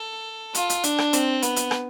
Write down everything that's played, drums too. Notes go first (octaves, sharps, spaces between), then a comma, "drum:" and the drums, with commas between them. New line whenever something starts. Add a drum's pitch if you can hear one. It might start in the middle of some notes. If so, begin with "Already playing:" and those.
Already playing: A4
F4, drum: hi-hat
drum: hi-hat
D4, drum: hi-hat
drum: rim click
C4, drum: hi-hat
B3, drum: hi-hat
drum: hi-hat
drum: rim click